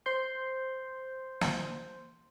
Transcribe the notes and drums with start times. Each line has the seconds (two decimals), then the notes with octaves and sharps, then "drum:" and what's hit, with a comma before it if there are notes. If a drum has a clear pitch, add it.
0.06 C5 C6 G6
1.41 drum: snare